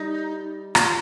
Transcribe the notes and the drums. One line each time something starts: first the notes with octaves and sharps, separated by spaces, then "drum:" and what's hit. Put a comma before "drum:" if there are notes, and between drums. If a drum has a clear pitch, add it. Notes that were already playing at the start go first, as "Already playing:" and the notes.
Already playing: G3 D#4
F4, drum: rim click